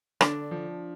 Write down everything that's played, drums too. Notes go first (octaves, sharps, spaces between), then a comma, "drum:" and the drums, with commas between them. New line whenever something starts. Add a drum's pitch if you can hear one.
D3 D4, drum: rim click
F3